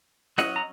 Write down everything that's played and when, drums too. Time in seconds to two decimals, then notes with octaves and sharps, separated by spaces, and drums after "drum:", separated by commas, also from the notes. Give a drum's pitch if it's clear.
0.38 F#3 C#4 D#5 F#5, drum: snare E4
0.56 A#5